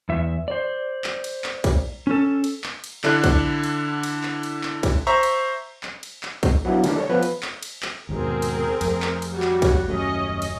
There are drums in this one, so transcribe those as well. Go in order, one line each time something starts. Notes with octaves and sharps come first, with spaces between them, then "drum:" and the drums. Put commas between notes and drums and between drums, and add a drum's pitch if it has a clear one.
E2 E5
C5 D5
drum: clap
drum: cymbal
drum: clap
drum: kick, cymbal
C#4 A4
drum: cymbal
drum: clap
drum: cymbal
D3 D4 E4 A4 F#6, drum: clap
drum: kick, cymbal
drum: cymbal
drum: cymbal
drum: clap
drum: cymbal
drum: clap
drum: kick, cymbal
C5 E5 A#5 C#6
drum: cymbal
drum: clap
drum: cymbal
drum: clap
drum: kick, cymbal
F#3 B3 D4 E4 F4
D#3 G3 A3 D4 E4 A#4, drum: cymbal
A4 C#5
F3 B3 B4
drum: cymbal
drum: clap
drum: cymbal
drum: clap
D#2 G#2 B2 C4 G#4 A#4
drum: cymbal
F2 A3, drum: cymbal
drum: clap
drum: cymbal
G3 F#4 C#5
drum: clap
drum: kick, cymbal
D#1 F#2 A3 C#4 D#5
drum: cymbal